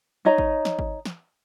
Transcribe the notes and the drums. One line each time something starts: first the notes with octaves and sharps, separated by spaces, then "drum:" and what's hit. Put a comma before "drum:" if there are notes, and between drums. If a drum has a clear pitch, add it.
D#4 C#5 D#5 A#5
drum: kick G#1
drum: snare
drum: kick G#1
drum: snare